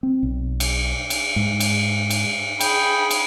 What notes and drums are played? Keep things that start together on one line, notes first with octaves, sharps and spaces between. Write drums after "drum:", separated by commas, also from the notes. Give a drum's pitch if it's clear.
C4
B1
drum: cymbal
drum: cymbal
G#2
drum: cymbal
drum: cymbal
G#4 G5 B5, drum: cymbal
drum: cymbal